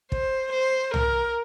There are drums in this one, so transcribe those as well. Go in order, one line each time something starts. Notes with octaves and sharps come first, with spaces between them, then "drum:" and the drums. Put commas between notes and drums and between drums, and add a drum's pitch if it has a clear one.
C5, drum: kick
C5
A#4, drum: tom